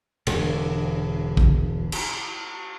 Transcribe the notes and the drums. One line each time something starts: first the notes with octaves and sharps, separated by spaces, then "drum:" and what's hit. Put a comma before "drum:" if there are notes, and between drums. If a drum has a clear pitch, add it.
E1 D3 G#3, drum: cymbal
drum: kick A#1
drum: cymbal